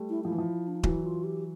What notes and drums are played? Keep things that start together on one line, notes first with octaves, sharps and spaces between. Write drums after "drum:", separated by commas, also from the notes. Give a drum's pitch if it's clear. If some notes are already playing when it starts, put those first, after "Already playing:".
Already playing: G3 A3
E4
F3 E4
E3
F3
D4
D#4
E3 F#3 E4, drum: kick D#1
F4
G4